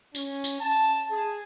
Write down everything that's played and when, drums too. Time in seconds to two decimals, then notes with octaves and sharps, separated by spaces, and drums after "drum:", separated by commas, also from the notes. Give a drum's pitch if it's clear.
0.15 C#4, drum: tambourine
0.44 drum: tambourine
0.60 A5
1.11 G#4